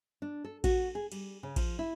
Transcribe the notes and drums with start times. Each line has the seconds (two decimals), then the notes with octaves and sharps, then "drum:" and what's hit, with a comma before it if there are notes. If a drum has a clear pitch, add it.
0.22 D4
0.44 A4
0.64 F#4, drum: kick A1, cymbal
0.95 G#4
1.12 G3, drum: cymbal
1.43 C#3
1.56 F3, drum: kick A1, cymbal
1.79 E4